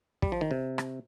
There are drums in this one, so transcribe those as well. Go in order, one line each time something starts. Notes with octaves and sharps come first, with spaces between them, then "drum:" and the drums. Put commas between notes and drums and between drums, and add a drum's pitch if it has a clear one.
G3, drum: kick
F3
D#3
C3
drum: rim click